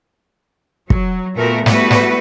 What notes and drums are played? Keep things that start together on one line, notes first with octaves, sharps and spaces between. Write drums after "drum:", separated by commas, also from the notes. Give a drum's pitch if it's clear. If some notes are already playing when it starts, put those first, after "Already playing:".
F#3, drum: kick
A#2 A3 B3 F#4 A#4
G3 A3 B3 E4 F#4 B4, drum: snare
drum: snare